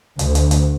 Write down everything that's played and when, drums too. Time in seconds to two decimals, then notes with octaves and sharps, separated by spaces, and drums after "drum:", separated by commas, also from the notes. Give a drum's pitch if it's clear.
0.19 D2, drum: hi-hat
0.35 drum: hi-hat
0.51 drum: hi-hat